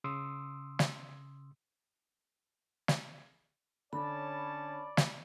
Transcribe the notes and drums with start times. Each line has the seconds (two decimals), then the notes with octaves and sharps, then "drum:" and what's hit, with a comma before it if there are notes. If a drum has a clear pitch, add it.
0.04 C#3 C6 D#6 E6
0.79 drum: snare
2.88 drum: snare
3.93 D3 C#4 C#5 D5 A5 B5
4.97 drum: snare